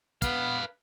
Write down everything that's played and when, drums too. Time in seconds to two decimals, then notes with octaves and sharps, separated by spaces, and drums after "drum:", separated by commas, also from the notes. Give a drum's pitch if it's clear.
0.22 B3 B4 F5, drum: kick, hi-hat